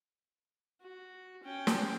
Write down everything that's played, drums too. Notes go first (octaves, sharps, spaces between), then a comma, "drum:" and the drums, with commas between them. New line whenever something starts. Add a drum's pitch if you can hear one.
F#4
C#4 G5
drum: snare